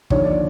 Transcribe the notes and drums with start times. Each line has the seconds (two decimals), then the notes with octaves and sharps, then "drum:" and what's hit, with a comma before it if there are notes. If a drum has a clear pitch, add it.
0.10 D#2 D3 F3 C#5, drum: kick
0.24 D5